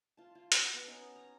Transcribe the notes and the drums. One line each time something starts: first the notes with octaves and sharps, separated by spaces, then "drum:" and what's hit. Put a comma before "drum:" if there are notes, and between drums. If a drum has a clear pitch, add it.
F4 A5
F4
F#4, drum: hi-hat
B3
B3 C#4 D#4
A#5